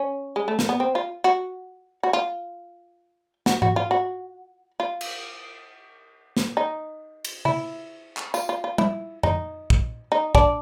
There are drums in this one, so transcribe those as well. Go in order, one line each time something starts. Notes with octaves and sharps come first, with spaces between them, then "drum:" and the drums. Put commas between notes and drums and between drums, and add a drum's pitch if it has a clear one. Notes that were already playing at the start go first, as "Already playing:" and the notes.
Already playing: C#4
G#3
A3
A#3, drum: snare
B3
C4
F4
F#4
F#4
F4
F#4, drum: snare
F#4, drum: tom G#2
F4
F#4
F4
drum: cymbal
drum: snare
D#4
drum: cymbal
E4, drum: tom C#3
drum: clap
F4, drum: tambourine
F4
F4
E4, drum: tom
D#4, drum: tom F2
drum: kick
D#4
D4, drum: kick